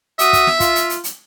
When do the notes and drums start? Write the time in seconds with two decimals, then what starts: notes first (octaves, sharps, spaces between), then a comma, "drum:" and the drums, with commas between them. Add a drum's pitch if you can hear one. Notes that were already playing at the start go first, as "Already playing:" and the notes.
0.19 F#4 E5 D#6, drum: hi-hat
0.33 drum: kick, hi-hat
0.47 drum: snare
0.60 F4, drum: kick, hi-hat
0.75 drum: hi-hat
0.90 drum: hi-hat
1.04 drum: hi-hat